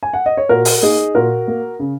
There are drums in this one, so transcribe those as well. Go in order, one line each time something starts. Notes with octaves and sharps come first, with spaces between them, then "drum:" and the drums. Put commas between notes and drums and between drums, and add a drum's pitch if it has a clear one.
G#5
F#5
D#5
C#5
A#2 F#4 A#4
drum: open hi-hat
A#3 D#4 G#4
A#2 F#4 A#4
A#3
C#3